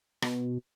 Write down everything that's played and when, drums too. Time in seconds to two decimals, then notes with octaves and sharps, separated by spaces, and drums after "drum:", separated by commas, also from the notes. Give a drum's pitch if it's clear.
0.22 B2, drum: rim click